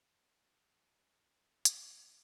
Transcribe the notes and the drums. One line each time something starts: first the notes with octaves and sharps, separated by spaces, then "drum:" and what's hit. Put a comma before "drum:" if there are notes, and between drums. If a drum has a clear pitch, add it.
E2 C3 F3 A3
E2 C3 F3 A3
F1 E2 B2 A3
F1 E2 B2 A3, drum: hi-hat